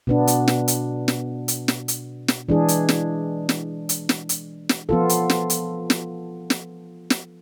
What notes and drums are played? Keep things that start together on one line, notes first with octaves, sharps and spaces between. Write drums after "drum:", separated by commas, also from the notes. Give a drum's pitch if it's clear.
B2 B3 D4
drum: hi-hat
drum: snare
drum: hi-hat
drum: snare
drum: hi-hat
drum: snare
drum: hi-hat
drum: snare
E3 G#3 D4 G#4
drum: hi-hat
drum: snare
drum: snare
drum: hi-hat
drum: snare
drum: hi-hat
drum: snare
F3 B3 F4 A4
drum: hi-hat
drum: snare
drum: hi-hat
drum: snare
drum: snare
drum: snare